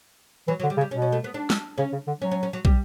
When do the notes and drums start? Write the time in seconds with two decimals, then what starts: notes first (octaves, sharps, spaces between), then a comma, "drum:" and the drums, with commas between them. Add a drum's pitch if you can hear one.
0.48 E3 F#3
0.60 F#3
0.63 D3
0.70 G3
0.77 C#3
0.81 G3
0.91 B2 C#4
1.02 C#4
1.12 A3
1.24 B3
1.34 D4
1.50 drum: snare
1.78 C#3 C#4
1.92 C#3
2.07 D3
2.21 F#3 C#4
2.31 C#4
2.43 C#4
2.53 F#3
2.65 G3, drum: kick